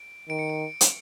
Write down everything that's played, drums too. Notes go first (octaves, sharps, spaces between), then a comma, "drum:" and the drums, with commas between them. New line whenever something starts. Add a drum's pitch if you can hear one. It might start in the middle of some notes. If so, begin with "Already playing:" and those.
Already playing: D7
D#3 D7
C#7
D7
drum: hi-hat